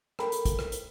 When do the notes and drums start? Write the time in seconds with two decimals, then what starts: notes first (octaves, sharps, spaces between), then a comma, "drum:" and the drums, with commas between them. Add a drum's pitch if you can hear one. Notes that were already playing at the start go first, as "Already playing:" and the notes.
0.19 A4 A#4 G5 B5, drum: rim click
0.32 drum: hi-hat
0.45 drum: kick, hi-hat
0.59 drum: rim click
0.72 drum: hi-hat